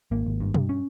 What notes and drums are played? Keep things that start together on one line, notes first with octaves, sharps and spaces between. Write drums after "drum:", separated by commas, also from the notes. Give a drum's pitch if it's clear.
G#1 A#3
G#1
G2
G2, drum: tom B2
C#4